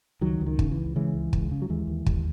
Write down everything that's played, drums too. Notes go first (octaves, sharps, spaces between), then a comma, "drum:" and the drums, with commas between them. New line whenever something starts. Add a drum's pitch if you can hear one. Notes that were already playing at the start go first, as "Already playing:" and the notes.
C#2 D#3 F#3
C#2
D#3
C#3, drum: kick
E3
C#2
C#3 E3 G#3
C#2
C#2, drum: kick
C#3
F#3
D#2 E3 G#3
D#2
D#2, drum: kick